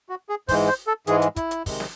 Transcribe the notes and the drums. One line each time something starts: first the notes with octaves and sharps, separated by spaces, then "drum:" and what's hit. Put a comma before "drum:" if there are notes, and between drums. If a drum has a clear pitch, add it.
F#4
G#4
G#2 E3 G#3 C5, drum: kick, open hi-hat
C5
A4
G#2 E3 G#3 G#4, drum: hi-hat
drum: hi-hat
E4, drum: kick, hi-hat
drum: hi-hat
C3 D#3 G#3, drum: kick, open hi-hat
drum: snare